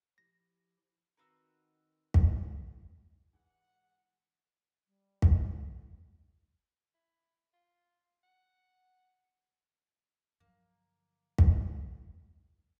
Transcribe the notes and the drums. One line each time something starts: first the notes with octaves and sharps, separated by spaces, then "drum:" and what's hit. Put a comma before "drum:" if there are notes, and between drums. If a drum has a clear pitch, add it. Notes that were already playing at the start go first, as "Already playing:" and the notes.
F3 E4 G4 A#6
D#3 C4 F#4 B4 A#5 E6
drum: kick
G#2 E3 F#5
G3
drum: kick
E3
E4
F4
F#5
G2 D3 F3 F#3 A#3
drum: kick